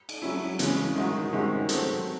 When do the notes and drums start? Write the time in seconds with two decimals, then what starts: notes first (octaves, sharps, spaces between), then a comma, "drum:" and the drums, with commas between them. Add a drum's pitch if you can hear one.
0.09 drum: cymbal
0.22 F#3 C#4 E4
0.59 C#3 E3 G#3 C#4, drum: hi-hat
0.95 D#3 G#3 D#4 F#4
1.33 C3 D#3 G#3 C#4 F#4
1.69 F#3 A3 C4, drum: hi-hat